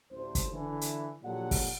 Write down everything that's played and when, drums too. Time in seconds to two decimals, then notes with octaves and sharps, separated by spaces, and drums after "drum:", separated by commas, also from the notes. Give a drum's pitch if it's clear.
0.12 A1 D2 C5
0.35 drum: kick, hi-hat
0.52 D3 E3
0.81 drum: hi-hat
1.23 A#1 A#2 D3 F#3 G3 F#5
1.51 drum: kick, open hi-hat